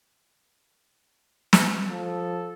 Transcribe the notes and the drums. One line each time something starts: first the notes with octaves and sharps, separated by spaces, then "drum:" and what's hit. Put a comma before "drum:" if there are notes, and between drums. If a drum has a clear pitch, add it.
drum: snare
F3 A4